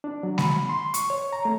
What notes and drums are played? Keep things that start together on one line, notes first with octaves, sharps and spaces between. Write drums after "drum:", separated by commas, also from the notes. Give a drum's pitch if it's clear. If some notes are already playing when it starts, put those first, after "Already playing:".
D4
F#3
B5, drum: snare G#3
C6
C#6, drum: hi-hat
C#5
A#5
A3